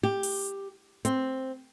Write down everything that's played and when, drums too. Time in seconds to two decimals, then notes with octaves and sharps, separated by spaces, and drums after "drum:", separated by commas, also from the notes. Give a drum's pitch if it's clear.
0.03 G4
0.23 drum: open hi-hat
1.05 C4, drum: hi-hat